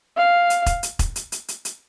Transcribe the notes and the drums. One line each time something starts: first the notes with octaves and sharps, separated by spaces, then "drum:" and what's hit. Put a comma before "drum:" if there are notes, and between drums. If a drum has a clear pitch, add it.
F5
drum: hi-hat
drum: kick E1, hi-hat
drum: hi-hat
drum: kick E1, hi-hat
drum: hi-hat
drum: hi-hat
drum: hi-hat
drum: hi-hat